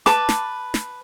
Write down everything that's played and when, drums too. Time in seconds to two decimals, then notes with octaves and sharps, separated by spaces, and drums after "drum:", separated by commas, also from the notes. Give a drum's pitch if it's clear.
0.06 B4 A5 D6, drum: snare
0.29 drum: snare
0.74 drum: snare